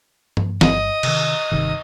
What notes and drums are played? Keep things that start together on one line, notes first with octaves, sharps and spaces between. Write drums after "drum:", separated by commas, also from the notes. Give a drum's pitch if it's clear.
drum: tom G2
G1 D#5, drum: snare
C3 D#3, drum: cymbal
G1 C3 D#3